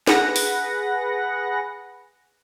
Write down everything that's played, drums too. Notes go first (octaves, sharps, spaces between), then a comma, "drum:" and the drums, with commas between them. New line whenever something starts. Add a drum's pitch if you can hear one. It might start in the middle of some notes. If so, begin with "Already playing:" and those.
G#4 B4 F#5 A#6, drum: snare
drum: open hi-hat